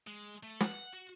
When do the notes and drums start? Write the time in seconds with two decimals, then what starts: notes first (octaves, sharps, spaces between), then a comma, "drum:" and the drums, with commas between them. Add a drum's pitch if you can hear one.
0.07 G#3
0.43 A3
0.60 F#5, drum: snare
0.94 F#4